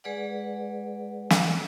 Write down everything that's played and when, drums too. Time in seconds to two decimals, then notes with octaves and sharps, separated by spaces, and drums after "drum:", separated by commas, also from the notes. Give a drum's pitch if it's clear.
0.04 G#3 G#4 B4 D5 F#5
1.30 drum: snare